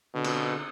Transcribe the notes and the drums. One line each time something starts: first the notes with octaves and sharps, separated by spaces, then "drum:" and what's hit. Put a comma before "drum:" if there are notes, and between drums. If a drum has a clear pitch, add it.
B2 D3
drum: cymbal